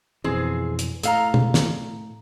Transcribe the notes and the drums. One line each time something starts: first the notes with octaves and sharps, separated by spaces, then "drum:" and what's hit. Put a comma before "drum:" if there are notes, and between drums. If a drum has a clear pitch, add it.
F2 B2 E3 C4 G#4
drum: hi-hat
A2 A4 F5 A#5, drum: hi-hat
drum: tom
drum: snare